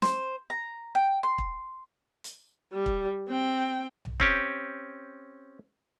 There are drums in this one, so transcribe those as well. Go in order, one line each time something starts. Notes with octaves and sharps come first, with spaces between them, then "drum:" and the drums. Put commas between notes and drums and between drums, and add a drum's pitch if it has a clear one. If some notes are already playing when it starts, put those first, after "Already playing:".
C5, drum: snare
A#5
G5
C6
drum: kick
drum: hi-hat
G3
drum: kick
C4 G5
drum: tom B1
C4 C#4 G4, drum: kick